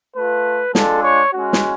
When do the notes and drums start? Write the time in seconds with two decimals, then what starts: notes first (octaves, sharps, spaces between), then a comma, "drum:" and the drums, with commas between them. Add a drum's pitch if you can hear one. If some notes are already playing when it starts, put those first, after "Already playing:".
0.17 A3 F4 B4
0.75 G#3 D4 F4 A4, drum: snare
1.04 C#5
1.34 G#3 C#4 F#4
1.53 drum: snare